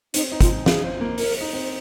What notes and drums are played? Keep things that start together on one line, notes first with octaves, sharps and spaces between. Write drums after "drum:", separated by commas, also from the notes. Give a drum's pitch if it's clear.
C4 D#4, drum: hi-hat
D#4
F4, drum: kick, hi-hat
G#4 F5, drum: snare
C5
A#3
A#4, drum: open hi-hat
D#4
C4